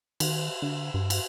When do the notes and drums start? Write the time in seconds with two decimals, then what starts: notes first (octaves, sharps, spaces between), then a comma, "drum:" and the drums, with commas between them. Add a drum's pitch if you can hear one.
0.20 D#3, drum: cymbal
0.62 D3
0.94 G2
1.10 drum: cymbal